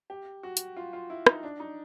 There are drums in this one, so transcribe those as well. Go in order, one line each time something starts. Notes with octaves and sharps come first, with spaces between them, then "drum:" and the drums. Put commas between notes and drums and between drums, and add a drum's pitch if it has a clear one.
G4
F#4
drum: hi-hat
F4
F4
E4
D#4, drum: rim click
D4
D#4